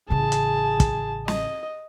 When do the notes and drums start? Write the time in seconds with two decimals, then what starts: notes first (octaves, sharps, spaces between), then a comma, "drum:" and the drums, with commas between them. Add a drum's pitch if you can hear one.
0.10 A1 C#3 G#4 A5
0.32 drum: hi-hat
0.80 drum: kick, hi-hat
1.28 D#5, drum: snare